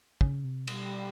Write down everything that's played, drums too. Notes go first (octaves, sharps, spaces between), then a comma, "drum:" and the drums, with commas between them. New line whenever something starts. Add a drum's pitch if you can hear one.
C#3, drum: kick
C3
B2 G3, drum: cymbal